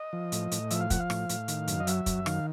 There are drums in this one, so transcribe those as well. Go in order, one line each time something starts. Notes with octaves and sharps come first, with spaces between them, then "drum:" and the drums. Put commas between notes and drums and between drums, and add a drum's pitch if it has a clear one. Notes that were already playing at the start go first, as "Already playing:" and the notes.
Already playing: D#5
F3
A2, drum: hi-hat
A2, drum: hi-hat
F3 E5, drum: hi-hat
F5
F3 F#5, drum: kick, hi-hat
F5
A2, drum: rim click
A2, drum: hi-hat
D#3, drum: hi-hat
F#2, drum: hi-hat
D#5
F#3 E5, drum: hi-hat
F#2, drum: kick, hi-hat
D#3 F5, drum: rim click